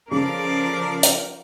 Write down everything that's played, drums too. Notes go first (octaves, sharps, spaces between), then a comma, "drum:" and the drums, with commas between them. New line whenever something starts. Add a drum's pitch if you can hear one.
C#3 F3 A4 A#4 D5 D6
drum: hi-hat